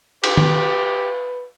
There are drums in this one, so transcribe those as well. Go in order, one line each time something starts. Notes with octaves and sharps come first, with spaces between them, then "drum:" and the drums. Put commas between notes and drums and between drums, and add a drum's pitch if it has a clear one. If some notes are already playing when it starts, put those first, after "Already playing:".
G4 B4, drum: cymbal
drum: tom